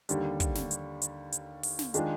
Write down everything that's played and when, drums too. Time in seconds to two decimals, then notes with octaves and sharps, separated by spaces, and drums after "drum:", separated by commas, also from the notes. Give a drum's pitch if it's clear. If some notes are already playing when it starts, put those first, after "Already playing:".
0.09 D#2 D3 G3, drum: hi-hat
0.40 drum: kick, hi-hat
0.55 drum: snare
0.71 drum: hi-hat
1.02 drum: hi-hat
1.32 drum: hi-hat
1.63 drum: open hi-hat
1.79 drum: snare
1.94 D#3 G#3 D4 F4 G#4, drum: hi-hat